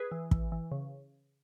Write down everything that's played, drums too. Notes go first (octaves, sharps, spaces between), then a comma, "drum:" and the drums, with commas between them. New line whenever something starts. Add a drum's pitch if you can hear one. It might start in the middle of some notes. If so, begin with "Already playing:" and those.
Already playing: G#4 B4
E3
E3, drum: kick
E3
C#3